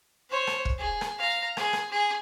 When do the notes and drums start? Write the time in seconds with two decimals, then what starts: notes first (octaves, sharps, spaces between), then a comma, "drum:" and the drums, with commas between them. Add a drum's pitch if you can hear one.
0.30 C5 C#5
0.47 drum: rim click
0.65 drum: kick
0.78 G#4
1.01 drum: rim click
1.18 F5 A#5
1.57 G#4, drum: rim click
1.73 drum: rim click
1.91 G#4